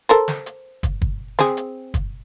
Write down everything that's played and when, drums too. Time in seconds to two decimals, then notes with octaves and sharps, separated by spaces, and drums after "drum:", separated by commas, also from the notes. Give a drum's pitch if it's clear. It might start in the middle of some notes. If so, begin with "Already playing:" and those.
0.09 A4 A#4 C5, drum: hi-hat
0.28 drum: snare
0.46 drum: hi-hat
0.83 drum: kick, hi-hat
1.02 drum: kick
1.39 C4 G#4, drum: snare
1.57 drum: hi-hat
1.94 drum: kick, hi-hat